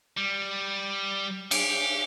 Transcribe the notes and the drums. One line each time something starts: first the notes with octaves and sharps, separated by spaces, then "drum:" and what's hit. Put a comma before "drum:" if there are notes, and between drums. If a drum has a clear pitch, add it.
G3
G4, drum: cymbal